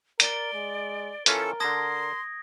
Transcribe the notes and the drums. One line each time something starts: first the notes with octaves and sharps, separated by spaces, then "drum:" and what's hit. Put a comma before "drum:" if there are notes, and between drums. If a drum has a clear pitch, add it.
A#4 D5 A6 D7 G7, drum: hi-hat
G#3
E3 C#4 F4 A4 A#4, drum: hi-hat
D3 A5 C6 D#6 G#6 A#6